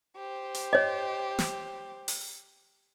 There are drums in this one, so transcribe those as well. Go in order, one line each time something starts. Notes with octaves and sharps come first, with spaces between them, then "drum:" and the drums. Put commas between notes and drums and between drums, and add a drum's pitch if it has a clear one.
G4 C5
drum: hi-hat
C#5 D#5
drum: snare
drum: open hi-hat